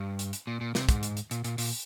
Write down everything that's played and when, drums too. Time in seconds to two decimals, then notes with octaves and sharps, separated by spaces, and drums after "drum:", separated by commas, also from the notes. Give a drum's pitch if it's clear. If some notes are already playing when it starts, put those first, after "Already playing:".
Already playing: G2
0.19 drum: hi-hat
0.33 drum: hi-hat
0.47 A#2
0.61 A#2
0.75 C3, drum: snare
0.89 G#2, drum: kick, hi-hat
1.03 drum: hi-hat
1.17 drum: hi-hat
1.31 A#2, drum: hi-hat
1.44 A#2, drum: hi-hat
1.58 A#2, drum: open hi-hat